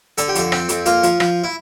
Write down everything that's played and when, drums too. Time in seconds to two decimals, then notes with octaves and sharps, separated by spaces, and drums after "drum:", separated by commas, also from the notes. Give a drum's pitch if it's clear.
0.18 D3 A4, drum: hi-hat
0.28 G4
0.35 F2 A4, drum: hi-hat
0.52 C4, drum: rim click
0.69 F2, drum: hi-hat
0.86 A#3 F4, drum: hi-hat
1.03 F3, drum: hi-hat
1.20 F3, drum: rim click
1.44 E4